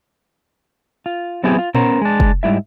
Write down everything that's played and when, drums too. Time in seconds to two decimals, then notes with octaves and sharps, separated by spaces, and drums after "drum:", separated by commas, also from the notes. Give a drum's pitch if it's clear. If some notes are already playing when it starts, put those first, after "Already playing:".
1.06 F4
1.44 F#3 B3 C4 E4 G4 G#4
1.58 F4
1.75 B3 C#4 A#4 C5, drum: tom A#2
2.01 G#3 D4
2.20 drum: kick
2.43 G#2 G3 E4 E5